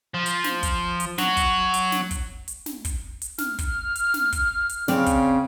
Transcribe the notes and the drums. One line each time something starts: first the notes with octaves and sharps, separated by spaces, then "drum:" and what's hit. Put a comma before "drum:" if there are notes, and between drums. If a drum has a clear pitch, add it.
F3
drum: hi-hat
drum: snare
drum: kick, hi-hat
drum: hi-hat
F#3 F#4, drum: snare
drum: kick, hi-hat
drum: hi-hat
drum: snare
drum: kick, hi-hat
drum: hi-hat
drum: snare
drum: kick, hi-hat
drum: hi-hat
F6, drum: snare
drum: kick, hi-hat
drum: hi-hat
drum: snare
drum: kick, hi-hat
drum: hi-hat
C#3 C4 C#5 D5, drum: snare
drum: kick, hi-hat